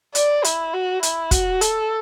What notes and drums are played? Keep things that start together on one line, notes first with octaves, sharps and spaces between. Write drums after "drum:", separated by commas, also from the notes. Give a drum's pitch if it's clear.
D5, drum: hi-hat
E4, drum: hi-hat
F#4
E4, drum: hi-hat
F#4, drum: kick, hi-hat
A4, drum: hi-hat